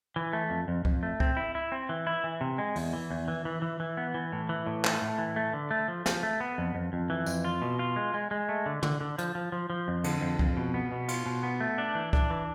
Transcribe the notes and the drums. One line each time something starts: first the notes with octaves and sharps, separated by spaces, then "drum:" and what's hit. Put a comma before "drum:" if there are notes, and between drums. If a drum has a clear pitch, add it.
E3
A3
F2
F2
F2, drum: kick C#2
A3
C4, drum: kick C#2
E4
E4
C4
E3
E4
E3
C3
G#3
E2, drum: open hi-hat
E3
E2
E3
E3
E3
E3
B3
E3
A2
E3
A2
A3, drum: clap
A2
E3
A3
D3
A3
F3
F3, drum: snare
A3
B3
F2
F2
F2
E3
F2, drum: tambourine
F4
B2
F4
G#3
G#3
G#3
A3
D3
D3, drum: tom
D3
F3, drum: hi-hat
F3
F3
F3
F2
D3, drum: cymbal
F2
F2, drum: kick C#2
B2
B3
B2
F4, drum: cymbal
B2
B3
A3
D4
E3
D4, drum: kick C#2
E3